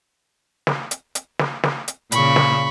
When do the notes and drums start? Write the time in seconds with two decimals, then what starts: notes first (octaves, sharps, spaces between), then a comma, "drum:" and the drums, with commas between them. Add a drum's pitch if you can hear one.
0.67 drum: snare
0.91 drum: hi-hat
1.15 drum: hi-hat
1.39 drum: snare
1.63 drum: snare
1.88 drum: hi-hat
2.12 A#2 C#3 B5 C#6, drum: hi-hat
2.36 drum: snare